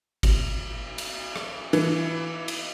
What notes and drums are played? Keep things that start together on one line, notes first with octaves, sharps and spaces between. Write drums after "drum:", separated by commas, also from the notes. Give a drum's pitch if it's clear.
drum: kick G1, cymbal
drum: cymbal
drum: rim click
E3, drum: cymbal
drum: cymbal